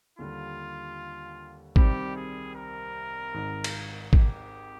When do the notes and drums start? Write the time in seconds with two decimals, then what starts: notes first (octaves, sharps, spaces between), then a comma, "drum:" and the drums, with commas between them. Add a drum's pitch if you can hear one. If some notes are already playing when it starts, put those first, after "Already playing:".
0.19 D#2 D3 G3 F4
1.76 C2 C3 D#3 G3 C4 G4, drum: kick G#1
2.16 G#4
2.55 A#4
3.34 G#1 G#2 D#3
3.64 drum: cymbal
4.13 G4, drum: kick G#1